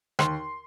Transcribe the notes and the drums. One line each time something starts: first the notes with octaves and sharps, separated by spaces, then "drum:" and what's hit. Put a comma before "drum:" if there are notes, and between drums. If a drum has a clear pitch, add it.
D#2 C6, drum: rim click